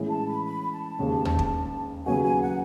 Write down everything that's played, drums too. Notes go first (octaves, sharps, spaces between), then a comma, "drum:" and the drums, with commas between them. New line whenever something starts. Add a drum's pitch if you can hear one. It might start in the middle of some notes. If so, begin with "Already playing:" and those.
Already playing: A2 E3 G#3 C#4 E4
A5
B5
B5
A5
E1 D#2 C#3
drum: tom D#2
drum: kick
D#2 C#3 F#3 B3 F#4 G#5
G#5
F#5